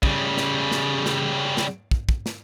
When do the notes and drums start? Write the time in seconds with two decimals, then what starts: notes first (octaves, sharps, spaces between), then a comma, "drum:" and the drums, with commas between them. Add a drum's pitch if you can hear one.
0.03 C#3 G3, drum: kick
0.37 drum: snare
0.71 drum: snare
1.06 drum: snare
1.57 drum: snare
1.91 drum: kick
2.09 drum: kick
2.26 drum: snare